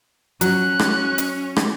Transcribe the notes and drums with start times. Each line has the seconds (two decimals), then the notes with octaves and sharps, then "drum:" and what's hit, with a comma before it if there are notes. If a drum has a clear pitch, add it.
0.41 F#3 C#4 F#6, drum: hi-hat
0.79 drum: rim click
1.18 drum: hi-hat
1.56 drum: rim click